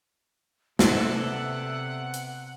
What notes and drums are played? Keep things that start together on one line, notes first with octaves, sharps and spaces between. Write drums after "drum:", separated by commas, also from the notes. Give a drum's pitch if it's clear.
C3 B3 A4 C5 D5 E5 F#5, drum: snare
drum: hi-hat